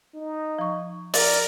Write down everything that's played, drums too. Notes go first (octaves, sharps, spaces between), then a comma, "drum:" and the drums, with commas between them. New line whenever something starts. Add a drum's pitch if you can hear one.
D#4
F3 C#6
A#4 D5, drum: open hi-hat